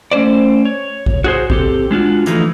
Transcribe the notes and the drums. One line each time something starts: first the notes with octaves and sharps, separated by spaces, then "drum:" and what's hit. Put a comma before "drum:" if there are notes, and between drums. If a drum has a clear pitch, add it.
A3 C#4 C5 D5
C#5
drum: kick A1
F#4 G#4 C5
C4 G4 A4, drum: kick A1
G#3 D4 F4 F#4
D3 E3 F3 A3 D#4, drum: hi-hat